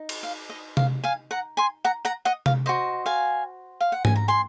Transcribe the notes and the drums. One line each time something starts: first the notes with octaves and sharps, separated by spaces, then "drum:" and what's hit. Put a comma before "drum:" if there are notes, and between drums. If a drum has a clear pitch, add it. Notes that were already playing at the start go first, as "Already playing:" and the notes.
Already playing: D#4 D#5
drum: cymbal
F5
D#5
F5, drum: tom C3
F5 G#5
F#5 A#5
G#5 C6
F#5 A#5
F#5 A#5
D#5 F#5
F5, drum: tom C3
F#4 C5 D#5
F5 G#5
F5
F#5
G#5, drum: tom G#2
A#5
G#5 C6